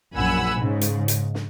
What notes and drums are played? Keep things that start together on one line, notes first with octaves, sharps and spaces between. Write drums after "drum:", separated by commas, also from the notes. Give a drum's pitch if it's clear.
A#1 F#2 F#5 G#5 B5 E6
G#2 C#3
drum: hi-hat
drum: hi-hat
drum: snare